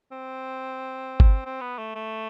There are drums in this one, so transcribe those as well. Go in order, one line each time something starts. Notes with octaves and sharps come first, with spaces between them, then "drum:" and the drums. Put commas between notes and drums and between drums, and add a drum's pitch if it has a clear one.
C4
drum: kick G1
C4
B3
A3
A3